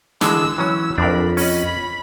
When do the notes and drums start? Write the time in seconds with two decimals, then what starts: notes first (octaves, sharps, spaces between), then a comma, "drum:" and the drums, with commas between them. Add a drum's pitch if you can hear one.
0.21 D3 E3 G#3 E6, drum: snare
0.58 E3 F#3 C#4 E6
0.98 F2 D4 A#4 B5
1.37 C#4 D#5 B5, drum: open hi-hat